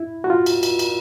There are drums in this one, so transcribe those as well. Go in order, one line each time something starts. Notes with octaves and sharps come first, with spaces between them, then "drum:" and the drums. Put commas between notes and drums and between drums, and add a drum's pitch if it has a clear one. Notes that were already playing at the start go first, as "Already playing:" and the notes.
Already playing: E4
F#4
F4
drum: cymbal
drum: cymbal
drum: cymbal